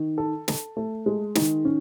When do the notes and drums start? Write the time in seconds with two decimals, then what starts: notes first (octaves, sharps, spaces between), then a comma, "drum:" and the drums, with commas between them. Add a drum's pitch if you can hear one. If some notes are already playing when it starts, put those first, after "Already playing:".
Already playing: D#3
0.18 A4
0.48 A4, drum: snare
0.77 A3
1.06 G#3
1.35 D#3, drum: snare
1.65 C#4